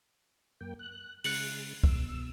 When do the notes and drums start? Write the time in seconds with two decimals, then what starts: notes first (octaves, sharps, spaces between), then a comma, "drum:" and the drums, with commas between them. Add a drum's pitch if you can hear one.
0.61 F#2 A#3 G5
0.79 F#6
1.24 C#3 G#3 F#6 C#7 F#7, drum: open hi-hat
1.84 B2 E6, drum: kick